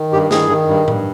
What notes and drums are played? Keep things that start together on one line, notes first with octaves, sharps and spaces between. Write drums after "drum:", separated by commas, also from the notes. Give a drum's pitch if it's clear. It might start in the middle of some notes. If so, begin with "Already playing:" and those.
Already playing: D#3
G2 G4
D#3 G#4, drum: snare
D#3
G2
G2, drum: tom A2